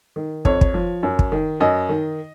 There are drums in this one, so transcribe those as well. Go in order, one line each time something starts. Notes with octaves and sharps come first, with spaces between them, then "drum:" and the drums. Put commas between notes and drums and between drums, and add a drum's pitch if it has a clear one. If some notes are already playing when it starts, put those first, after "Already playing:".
D#3
F2 C#5, drum: kick
drum: kick
F3
F#2
drum: kick
D#3
F#2 D#5
D#3